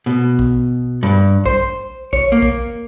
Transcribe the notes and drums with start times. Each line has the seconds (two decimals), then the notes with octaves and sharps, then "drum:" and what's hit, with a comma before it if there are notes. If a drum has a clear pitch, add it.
0.06 B2
0.39 drum: kick
1.03 G2
1.45 C5, drum: kick
2.13 C#5, drum: kick
2.32 A#3
2.42 drum: kick